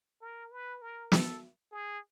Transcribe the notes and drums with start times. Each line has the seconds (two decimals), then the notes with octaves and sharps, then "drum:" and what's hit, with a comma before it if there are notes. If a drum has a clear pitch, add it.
0.22 A#4
0.52 B4
0.82 A#4
1.12 A4, drum: snare
1.72 G#4